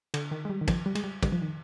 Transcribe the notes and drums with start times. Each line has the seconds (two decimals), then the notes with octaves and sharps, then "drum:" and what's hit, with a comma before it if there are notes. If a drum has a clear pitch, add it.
0.14 D3, drum: cymbal
0.31 D#3
0.45 G#3
0.50 G3
0.61 D#3
0.68 F3, drum: kick, cymbal
0.86 G3
0.95 G#3, drum: cymbal
1.04 G3
1.23 G3, drum: kick, cymbal
1.32 F3
1.42 D#3